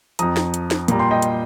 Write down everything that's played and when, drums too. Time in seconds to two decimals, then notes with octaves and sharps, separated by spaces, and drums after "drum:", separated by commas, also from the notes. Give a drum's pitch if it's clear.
0.19 F2 F3 A#5 D#6, drum: hi-hat
0.37 drum: snare
0.54 drum: hi-hat
0.71 drum: snare
0.88 A#2 G3 A#5, drum: hi-hat
0.99 G5 C6
1.11 D#5 G5
1.22 drum: hi-hat